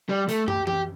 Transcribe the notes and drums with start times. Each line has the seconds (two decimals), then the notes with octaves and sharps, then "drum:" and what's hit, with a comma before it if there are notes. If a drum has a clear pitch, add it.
0.09 G3
0.29 A3, drum: hi-hat
0.48 G4, drum: tom
0.67 G4, drum: tom E3